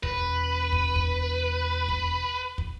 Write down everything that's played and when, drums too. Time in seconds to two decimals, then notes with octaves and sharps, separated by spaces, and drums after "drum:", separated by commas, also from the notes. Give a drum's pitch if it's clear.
0.03 E1 B4, drum: kick
0.73 drum: kick
0.96 drum: kick
1.88 drum: kick
2.58 drum: kick